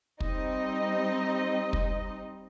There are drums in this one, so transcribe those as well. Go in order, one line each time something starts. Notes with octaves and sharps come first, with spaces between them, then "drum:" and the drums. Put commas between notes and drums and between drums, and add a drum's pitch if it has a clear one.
G3 C4 D#4 D#5, drum: kick
drum: kick